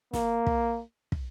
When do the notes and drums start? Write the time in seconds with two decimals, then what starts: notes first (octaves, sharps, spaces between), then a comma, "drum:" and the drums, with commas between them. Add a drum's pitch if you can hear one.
0.13 A#3, drum: snare
0.47 drum: kick
1.12 drum: kick